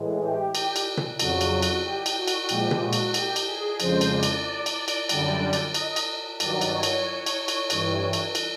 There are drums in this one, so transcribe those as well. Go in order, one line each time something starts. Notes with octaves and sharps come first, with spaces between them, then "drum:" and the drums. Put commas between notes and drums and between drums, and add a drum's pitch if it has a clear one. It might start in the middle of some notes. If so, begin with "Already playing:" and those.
Already playing: A2 E3 G#3
G4
G4, drum: cymbal
drum: cymbal
drum: tom B2
F2 C#3 F#3 F#4, drum: cymbal
drum: cymbal
drum: cymbal
G4
drum: cymbal
F#4
drum: cymbal
A#2 F3 G#3 G4, drum: cymbal
drum: tom B2
F#4
drum: cymbal
G4, drum: cymbal
drum: cymbal
G#4
F2 C#3 F3 G#3 C5, drum: cymbal
drum: cymbal
D5
drum: cymbal
D5
drum: cymbal
drum: cymbal
F#2 D3 G3, drum: cymbal
drum: cymbal
D#5, drum: cymbal
drum: cymbal
G2 D#3 F#3 D5, drum: cymbal
drum: cymbal
C#5
drum: cymbal
drum: cymbal
drum: cymbal
G2 E3 G3, drum: cymbal
drum: cymbal
drum: cymbal